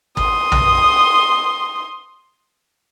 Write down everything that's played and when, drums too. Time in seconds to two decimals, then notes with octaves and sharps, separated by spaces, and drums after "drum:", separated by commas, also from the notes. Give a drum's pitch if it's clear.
0.17 C6 D#6, drum: kick
0.52 drum: tom B1